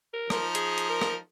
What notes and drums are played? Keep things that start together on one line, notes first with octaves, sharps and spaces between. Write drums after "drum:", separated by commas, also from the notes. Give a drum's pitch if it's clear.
A#4
F3 D#4, drum: rim click
G#4, drum: hi-hat
drum: hi-hat
A#4
drum: rim click